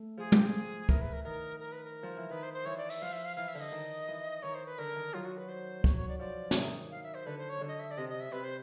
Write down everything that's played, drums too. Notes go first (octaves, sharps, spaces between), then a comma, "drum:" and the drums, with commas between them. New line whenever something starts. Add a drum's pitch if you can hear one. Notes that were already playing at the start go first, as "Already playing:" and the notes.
Already playing: A3
F3 G#4
G4, drum: tom
G#4
E3 A#4, drum: kick
B4
A#4
D#3 A#4
A#4
B4
A#4
F3
E3
D#3 B4
C5
C5
E3 C#5
D5
E5, drum: open hi-hat
F3 F5
E5
F5
E3 F5
E5
D3, drum: open hi-hat
D#5
D#3
E3
D#3 C#5
C5
B4
D3 A#4
D#3
F#3 F4
F#4
B4
C5
F#3 C#5, drum: kick
C#5
D5
F3 D5
D#3 E3, drum: snare
F5
E5
C5
D3 B4
C5
C#5
D3
D#5
E5
D5
C3 D#5
D#5
E5
C3 B4
C5